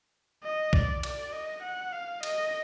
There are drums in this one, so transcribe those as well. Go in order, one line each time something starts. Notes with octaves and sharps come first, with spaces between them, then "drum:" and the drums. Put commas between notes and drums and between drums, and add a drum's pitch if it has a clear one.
D#5
D5, drum: kick
D5, drum: cymbal
D#5
F#5
F5
D#5, drum: cymbal